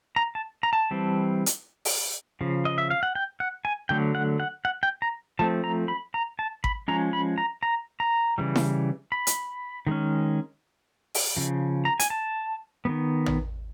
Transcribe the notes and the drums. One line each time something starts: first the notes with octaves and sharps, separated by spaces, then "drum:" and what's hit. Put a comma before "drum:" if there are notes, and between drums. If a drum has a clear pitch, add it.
A#5
A5
A#5
A5
E3 G3 C4
drum: hi-hat
drum: open hi-hat
C#3 F3
D#5
E5
F5
F#5
G5
F#5
G#5
D3 F#3 A3 G5
F#5
F#5
F#5
G5
A#5
F3 A3 C4 A5
A#5
B5
A#5
A5
B5, drum: kick G#1
F3 G#3 C#4 A#5
B5
A#5
A#5
A#5
C#3 E3 G3
drum: snare E4
B5
drum: hi-hat
D#3 G#3 C#4
drum: open hi-hat
C#3 F3
A#5
G#5, drum: hi-hat
A5
D#3 G3 B3
drum: tom